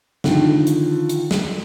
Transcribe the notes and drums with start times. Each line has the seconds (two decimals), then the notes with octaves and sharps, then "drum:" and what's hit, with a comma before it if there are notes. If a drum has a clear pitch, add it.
0.24 D3 D#3 F3, drum: snare
0.67 drum: hi-hat
1.09 drum: hi-hat
1.31 drum: snare